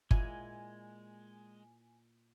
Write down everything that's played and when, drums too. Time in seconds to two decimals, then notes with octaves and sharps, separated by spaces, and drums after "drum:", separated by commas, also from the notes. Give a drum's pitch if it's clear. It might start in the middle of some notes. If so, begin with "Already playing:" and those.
0.11 A#2 G#3 E4 G#5, drum: kick G1